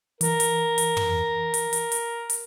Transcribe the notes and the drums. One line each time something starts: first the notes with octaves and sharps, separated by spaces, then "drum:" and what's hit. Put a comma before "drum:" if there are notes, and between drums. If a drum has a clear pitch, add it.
E3 A#4, drum: hi-hat
drum: hi-hat
drum: hi-hat
drum: tom
drum: hi-hat
drum: hi-hat
drum: hi-hat
drum: hi-hat